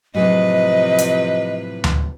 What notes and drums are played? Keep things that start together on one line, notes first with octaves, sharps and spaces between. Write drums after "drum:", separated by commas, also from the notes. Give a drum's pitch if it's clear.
A2 C3 F3 F#3 G#4 B4 D#5
drum: hi-hat
drum: tom D2